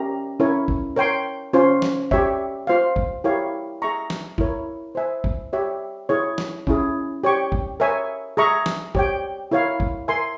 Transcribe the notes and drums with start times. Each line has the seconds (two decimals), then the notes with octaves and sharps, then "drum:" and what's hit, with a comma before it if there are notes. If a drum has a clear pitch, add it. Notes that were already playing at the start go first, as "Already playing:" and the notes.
Already playing: C#4 G4 A#4 E5 A#5
0.40 C#4 E4 A#4 C#5
0.68 drum: kick
0.96 A#4 C#5 G5 C6
1.53 C#4 F4 C5
1.82 drum: snare
2.11 G4 C#5 E5, drum: kick
2.67 F4 C5 F5
2.96 drum: kick
3.24 E4 G4 A#4 C#5 F5
3.82 G#4 E5 A#5 C#6
4.10 drum: snare
4.38 E4 A#4 C#5, drum: kick
4.95 C5 E5 G#5
5.24 drum: kick
5.53 G4 C#5 E5
6.09 E4 G#4 C#5
6.38 drum: snare
6.67 C#4 E4 G#4, drum: kick
7.24 G4 C#5 G5 C#6
7.52 drum: kick
7.80 A#4 C#5 E5 G#5
8.37 G#4 E5 A#5 C#6
8.66 drum: snare
8.95 G4 C#5 G5, drum: kick
9.51 E4 A#4 C#5 F5
9.80 drum: kick
10.08 A#4 E5 G#5 C6